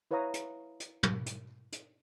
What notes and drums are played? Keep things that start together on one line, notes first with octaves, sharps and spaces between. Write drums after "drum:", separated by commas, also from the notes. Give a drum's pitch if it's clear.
E4 B4 C#5 F5 A#5 D#6
drum: hi-hat
drum: hi-hat
drum: tom
drum: hi-hat
drum: hi-hat